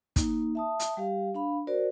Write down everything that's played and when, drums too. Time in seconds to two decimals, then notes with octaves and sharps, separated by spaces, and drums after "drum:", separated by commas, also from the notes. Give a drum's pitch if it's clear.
0.16 A#3 D#4, drum: kick, hi-hat
0.55 E5 A5 D#6
0.80 drum: hi-hat
0.97 G3 G4 F5
1.35 D4 F5 B5
1.67 F#4 A#4 C5 D5